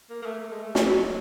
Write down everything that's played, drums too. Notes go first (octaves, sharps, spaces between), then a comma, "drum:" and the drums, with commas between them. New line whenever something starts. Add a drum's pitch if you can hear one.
A#3
A#3
A3
A3
G#3
A3
F#3, drum: snare